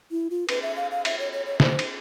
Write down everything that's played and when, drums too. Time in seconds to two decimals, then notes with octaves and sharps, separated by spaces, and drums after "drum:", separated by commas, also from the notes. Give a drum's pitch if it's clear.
0.11 E4
0.30 F4
0.49 B4, drum: cymbal
0.62 E5
0.76 F5
0.91 F5
1.05 E5, drum: cymbal
1.19 C#5
1.33 C#5
1.46 C#5
1.60 C5, drum: snare
1.79 drum: cymbal